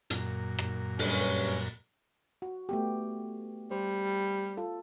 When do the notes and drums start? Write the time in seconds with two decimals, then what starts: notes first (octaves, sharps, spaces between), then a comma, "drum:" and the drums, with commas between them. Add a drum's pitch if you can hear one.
0.10 F#2 A#2, drum: hi-hat
0.59 drum: rim click
0.99 G2 C#4, drum: open hi-hat
2.42 F#4
2.69 A3 B3 G4
3.71 G3 C5
4.57 F4 A4